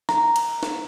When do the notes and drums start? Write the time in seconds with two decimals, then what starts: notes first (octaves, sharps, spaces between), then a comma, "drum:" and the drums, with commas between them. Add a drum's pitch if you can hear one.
0.09 A#5, drum: snare
0.36 drum: cymbal
0.63 drum: snare